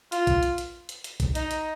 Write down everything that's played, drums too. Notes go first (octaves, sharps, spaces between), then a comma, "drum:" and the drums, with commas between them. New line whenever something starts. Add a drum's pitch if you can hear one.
F4, drum: hi-hat
drum: kick A1, hi-hat
drum: hi-hat
drum: hi-hat
drum: hi-hat
drum: hi-hat
drum: kick A1, hi-hat
D#4, drum: hi-hat
drum: hi-hat